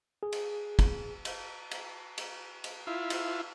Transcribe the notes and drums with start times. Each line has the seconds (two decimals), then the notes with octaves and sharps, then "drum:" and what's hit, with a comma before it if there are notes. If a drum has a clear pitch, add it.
0.23 G#4
0.32 drum: cymbal
0.79 drum: kick, cymbal
1.25 drum: cymbal
1.71 drum: cymbal
2.18 drum: cymbal
2.64 drum: cymbal
2.87 E4 F4
3.10 drum: cymbal